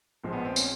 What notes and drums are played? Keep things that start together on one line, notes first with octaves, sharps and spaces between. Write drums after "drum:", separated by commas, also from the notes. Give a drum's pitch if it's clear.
A#1 A#2 F3 G#3
B3
C4
C#4, drum: tambourine